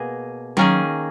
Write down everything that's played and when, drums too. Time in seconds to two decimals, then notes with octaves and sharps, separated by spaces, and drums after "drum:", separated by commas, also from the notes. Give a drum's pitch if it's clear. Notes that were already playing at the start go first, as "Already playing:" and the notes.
Already playing: B2 A#3 G#4
0.57 D#3 A#3 C#4 G#4, drum: tom F#3